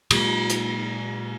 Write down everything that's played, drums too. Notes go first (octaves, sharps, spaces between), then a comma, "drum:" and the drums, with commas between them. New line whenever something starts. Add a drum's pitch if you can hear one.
A#2 F#3 G#3 A#3, drum: cymbal
drum: hi-hat